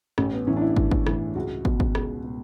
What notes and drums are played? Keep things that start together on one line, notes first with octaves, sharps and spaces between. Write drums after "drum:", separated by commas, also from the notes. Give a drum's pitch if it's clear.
A1 C#4, drum: rim click
B3
A2 E3 C#4
D4
E4
A1, drum: kick
drum: kick
A2 E3, drum: rim click
C#2 F#4
B2 F#4, drum: kick
drum: kick
C#2, drum: rim click
B2